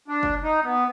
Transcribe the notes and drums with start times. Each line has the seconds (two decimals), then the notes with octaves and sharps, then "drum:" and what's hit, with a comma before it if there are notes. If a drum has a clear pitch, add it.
0.08 D4
0.23 drum: kick
0.43 D#4
0.64 B3